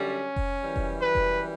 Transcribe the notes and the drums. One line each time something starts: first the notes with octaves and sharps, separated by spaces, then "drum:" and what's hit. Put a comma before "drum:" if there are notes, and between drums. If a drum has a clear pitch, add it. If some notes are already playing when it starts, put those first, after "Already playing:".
Already playing: F#2 D3 G3 C#4
drum: kick F1
F#2 E3 G3
drum: kick F1
B4
drum: kick F1